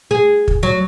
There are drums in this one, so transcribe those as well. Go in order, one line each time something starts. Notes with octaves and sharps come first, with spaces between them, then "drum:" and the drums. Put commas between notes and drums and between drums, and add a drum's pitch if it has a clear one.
G#4
drum: kick
F#3